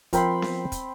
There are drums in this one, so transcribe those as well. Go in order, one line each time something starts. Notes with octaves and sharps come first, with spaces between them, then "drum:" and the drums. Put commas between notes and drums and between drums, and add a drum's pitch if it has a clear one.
F3 C4 A#4 C5 B5 C6, drum: kick, hi-hat
drum: snare B3
drum: kick, hi-hat